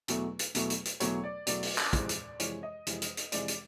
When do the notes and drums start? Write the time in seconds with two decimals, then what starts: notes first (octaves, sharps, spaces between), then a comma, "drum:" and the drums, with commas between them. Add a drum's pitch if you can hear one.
0.08 E2 B2 F#3 A3, drum: hi-hat
0.39 drum: hi-hat
0.55 E2 B2 F#3 A3, drum: hi-hat
0.70 drum: hi-hat
0.85 drum: hi-hat
1.00 E2 B2 F#3 A3 C#5, drum: hi-hat
1.24 D5
1.47 E2 B2 F#3 A3 D5, drum: hi-hat
1.63 drum: open hi-hat
1.78 drum: clap
1.93 F2 C3 E3 G#3, drum: kick, hi-hat
2.09 drum: hi-hat
2.40 F2 C3 E3 G#3 C#5, drum: hi-hat
2.63 D#5
2.87 F2 C3 E3 G#3, drum: hi-hat
3.02 drum: hi-hat
3.17 drum: hi-hat
3.32 F2 C3 E3 G#3 D5, drum: hi-hat
3.48 drum: hi-hat